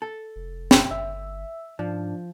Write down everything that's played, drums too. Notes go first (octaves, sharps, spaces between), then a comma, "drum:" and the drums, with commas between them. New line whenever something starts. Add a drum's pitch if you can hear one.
A4
F1
drum: snare
G1 E5
G#2 F3 D4